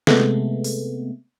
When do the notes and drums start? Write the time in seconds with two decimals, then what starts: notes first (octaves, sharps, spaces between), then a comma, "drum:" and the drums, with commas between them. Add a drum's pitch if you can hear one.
0.07 C3 G#3 A3 B3, drum: snare
0.64 drum: open hi-hat